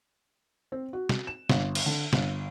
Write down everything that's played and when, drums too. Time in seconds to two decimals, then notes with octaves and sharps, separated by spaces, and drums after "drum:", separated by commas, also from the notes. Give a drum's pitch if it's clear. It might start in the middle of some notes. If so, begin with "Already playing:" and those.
0.72 C4
0.93 F#4
1.09 drum: snare
1.27 E7
1.49 G1, drum: snare
1.75 drum: cymbal
1.86 D3
2.13 G1, drum: snare